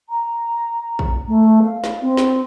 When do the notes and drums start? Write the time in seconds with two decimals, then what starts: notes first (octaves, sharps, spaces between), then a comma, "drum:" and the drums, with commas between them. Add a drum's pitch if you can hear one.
0.09 A#5
0.99 drum: kick
1.27 A3
1.62 F5
1.84 drum: snare
2.01 C4
2.17 drum: snare